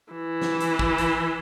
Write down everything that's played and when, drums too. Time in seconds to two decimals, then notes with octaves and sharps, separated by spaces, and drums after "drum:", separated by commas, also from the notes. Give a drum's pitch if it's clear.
0.13 E3
0.42 drum: snare
0.60 drum: hi-hat
0.79 drum: kick
0.98 drum: hi-hat